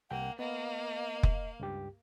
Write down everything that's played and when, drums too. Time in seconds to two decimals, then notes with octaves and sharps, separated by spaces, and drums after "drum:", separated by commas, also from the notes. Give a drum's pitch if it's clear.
0.11 C2 A#3 F#5 G5
0.39 A#3 B3 D#5 F5
1.23 drum: kick F1
1.60 C#2 G2 G4